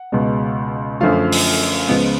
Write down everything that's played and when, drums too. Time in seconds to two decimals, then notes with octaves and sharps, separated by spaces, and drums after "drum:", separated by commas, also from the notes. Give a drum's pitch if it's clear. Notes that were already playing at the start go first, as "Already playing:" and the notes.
Already playing: F#5
0.12 C#2 B2 G#3 B3
1.01 F#2 D3 F3 A3 F4 F5
1.32 drum: open hi-hat
1.89 C#2 C#3 F3 G#3 B3